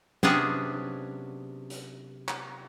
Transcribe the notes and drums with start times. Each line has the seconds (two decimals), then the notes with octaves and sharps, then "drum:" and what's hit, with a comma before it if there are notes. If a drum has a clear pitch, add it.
0.23 C3 F#3 B3 C#4 D4 G#4, drum: snare
1.70 drum: hi-hat
2.29 drum: clap